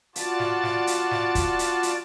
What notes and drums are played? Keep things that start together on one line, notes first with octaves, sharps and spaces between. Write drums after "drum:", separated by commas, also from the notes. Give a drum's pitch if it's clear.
F4 F#4 D5 A5, drum: hi-hat
drum: snare
drum: snare
drum: hi-hat
drum: snare
drum: kick, hi-hat
drum: hi-hat
drum: hi-hat